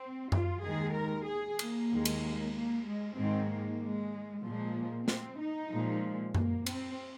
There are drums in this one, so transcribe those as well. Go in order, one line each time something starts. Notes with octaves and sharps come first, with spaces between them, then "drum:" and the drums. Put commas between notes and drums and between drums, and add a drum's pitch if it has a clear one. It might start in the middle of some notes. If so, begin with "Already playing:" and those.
Already playing: C4
F4, drum: tom F#2
D#2 D#3 G#3 G#4
A#4
G#4
A#3, drum: cymbal
D#2 D#3 G#3
drum: cymbal
A#3
G#3
G#2 D#3 G#3 C4
A#3
G#3
A#2 F3 G#3 A#3
C4, drum: snare
D#4
A#2 F3 G#3
A#3, drum: tom F#2
C4, drum: cymbal